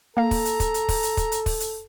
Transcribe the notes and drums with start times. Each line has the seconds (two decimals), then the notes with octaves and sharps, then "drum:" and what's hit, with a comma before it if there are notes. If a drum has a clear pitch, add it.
0.17 A#3 A4 F5 A#5
0.31 drum: kick, open hi-hat
0.45 drum: hi-hat
0.60 drum: kick, hi-hat
0.74 drum: hi-hat
0.89 drum: kick, open hi-hat
1.03 drum: hi-hat
1.17 drum: kick, hi-hat
1.32 drum: hi-hat
1.46 drum: kick, open hi-hat
1.60 drum: hi-hat